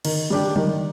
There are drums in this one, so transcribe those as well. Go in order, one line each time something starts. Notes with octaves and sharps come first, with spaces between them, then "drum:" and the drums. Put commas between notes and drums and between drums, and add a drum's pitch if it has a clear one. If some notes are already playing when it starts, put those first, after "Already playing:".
D#3, drum: cymbal
G3 D4 G4
D#3, drum: tom F#3